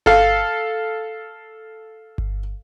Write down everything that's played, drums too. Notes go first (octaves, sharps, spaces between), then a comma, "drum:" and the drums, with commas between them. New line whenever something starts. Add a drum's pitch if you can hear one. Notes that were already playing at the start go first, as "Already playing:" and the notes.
A4 F5, drum: kick G1
drum: kick G1